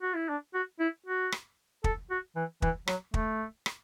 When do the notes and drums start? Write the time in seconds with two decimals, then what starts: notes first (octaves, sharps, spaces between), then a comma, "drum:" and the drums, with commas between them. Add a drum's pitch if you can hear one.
0.01 F#4
0.14 E4
0.29 D4
0.54 F#4
0.80 E4
1.06 F#4
1.32 drum: rim click
1.84 A4, drum: kick
2.11 F#4
2.36 E3
2.62 E3, drum: kick
2.87 F#3, drum: rim click
3.14 A3, drum: kick
3.66 drum: rim click